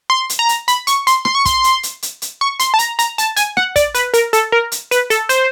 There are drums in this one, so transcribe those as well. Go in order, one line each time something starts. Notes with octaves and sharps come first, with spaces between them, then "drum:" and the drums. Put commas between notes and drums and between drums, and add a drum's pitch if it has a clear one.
C6
drum: hi-hat
A#5
drum: hi-hat
B5, drum: hi-hat
C#6, drum: hi-hat
C6, drum: hi-hat
C6, drum: rim click
C#6
C6, drum: kick, hi-hat
drum: hi-hat
drum: hi-hat
drum: hi-hat
drum: hi-hat
C#6
C6, drum: hi-hat
A5
A#5, drum: hi-hat
A#5, drum: hi-hat
A5, drum: hi-hat
G#5, drum: hi-hat
F#5, drum: rim click
D5, drum: kick, hi-hat
B4, drum: hi-hat
A#4, drum: hi-hat
A4, drum: hi-hat
A#4
drum: hi-hat
B4, drum: hi-hat
A4, drum: hi-hat
C5, drum: hi-hat